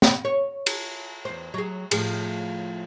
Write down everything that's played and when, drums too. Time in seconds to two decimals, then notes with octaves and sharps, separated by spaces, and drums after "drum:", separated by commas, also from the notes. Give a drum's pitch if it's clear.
0.02 drum: snare
0.25 C#5
0.66 drum: cymbal
1.25 E2 C5
1.54 F#3 G#4
1.91 A2 F3 G#4, drum: cymbal